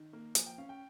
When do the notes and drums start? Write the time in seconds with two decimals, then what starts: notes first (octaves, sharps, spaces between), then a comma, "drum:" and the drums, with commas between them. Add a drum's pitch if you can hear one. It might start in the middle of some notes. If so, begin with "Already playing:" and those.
Already playing: D#3
0.13 A#3
0.35 F3 G#5, drum: hi-hat
0.46 G5
0.58 C#4 F5
0.69 G5